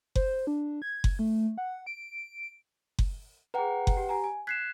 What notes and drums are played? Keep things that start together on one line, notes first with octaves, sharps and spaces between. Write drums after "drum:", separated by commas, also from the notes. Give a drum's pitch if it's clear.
C5, drum: kick F#1
D4
G#6
drum: kick F#1
A3
F#5
D7
drum: kick F#1
G#4 B4 F#5 G5 A#5
drum: kick F#1
G4
G4 G#5 A#5
G#5
F#6 G#6 B6 C7 E7